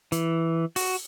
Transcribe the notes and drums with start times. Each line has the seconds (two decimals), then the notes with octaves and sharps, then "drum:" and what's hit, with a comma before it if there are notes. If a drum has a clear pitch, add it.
0.12 E3, drum: hi-hat
0.76 F#4, drum: open hi-hat